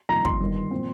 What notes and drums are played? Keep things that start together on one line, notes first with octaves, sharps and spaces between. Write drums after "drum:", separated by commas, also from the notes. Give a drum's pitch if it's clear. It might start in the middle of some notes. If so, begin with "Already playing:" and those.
G1 F2 C3 D#3 A#3 A#5
C6, drum: kick
G1 G2 D#3
A#2 F3 C4